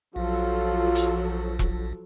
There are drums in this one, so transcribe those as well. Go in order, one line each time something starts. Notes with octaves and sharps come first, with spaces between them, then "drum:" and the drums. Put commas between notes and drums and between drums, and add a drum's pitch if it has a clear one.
A#1 F3 F#3 F4 A4
drum: hi-hat
drum: kick E1